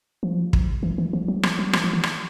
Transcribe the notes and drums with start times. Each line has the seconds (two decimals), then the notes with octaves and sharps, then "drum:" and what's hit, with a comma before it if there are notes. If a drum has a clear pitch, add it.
0.23 F3
0.53 drum: kick
0.83 E3
0.98 E3
1.13 F3
1.28 F#3
1.43 F3, drum: rim click
1.59 F#3
1.73 F3, drum: rim click
1.84 F3
1.93 E3
2.03 drum: rim click